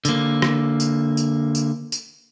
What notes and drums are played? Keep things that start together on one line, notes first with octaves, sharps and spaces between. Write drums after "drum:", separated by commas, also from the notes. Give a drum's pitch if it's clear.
D3 A#3, drum: tambourine
drum: rim click
drum: tambourine
drum: tambourine
drum: tambourine
drum: tambourine